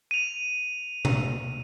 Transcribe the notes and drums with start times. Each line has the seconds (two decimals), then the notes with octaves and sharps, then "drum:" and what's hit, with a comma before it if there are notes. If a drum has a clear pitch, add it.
0.11 D#7 F7
1.05 drum: tom B2